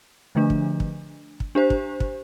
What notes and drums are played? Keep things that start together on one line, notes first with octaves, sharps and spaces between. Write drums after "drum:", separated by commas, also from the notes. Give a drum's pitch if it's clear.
D3 F3 A3 D4
drum: kick
drum: kick
drum: kick
D4 G4 C5
drum: kick
drum: kick